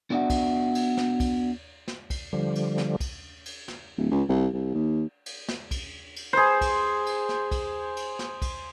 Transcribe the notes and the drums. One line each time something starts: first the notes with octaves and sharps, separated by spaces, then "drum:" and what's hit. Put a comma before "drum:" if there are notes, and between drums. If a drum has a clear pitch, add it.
B3 D4 F#4 D5 E5 F#5
drum: kick, cymbal
drum: cymbal
drum: snare
drum: kick, cymbal
drum: snare
drum: kick, cymbal
D3 F3 G3
drum: cymbal
drum: snare
drum: kick, cymbal
drum: cymbal
drum: snare
D1
C#2
C2
C2
D#2
drum: cymbal
drum: snare
drum: kick, cymbal
drum: cymbal
G#4 C5
drum: kick, cymbal
drum: cymbal
drum: snare
drum: kick, cymbal
drum: cymbal
drum: snare
drum: kick, cymbal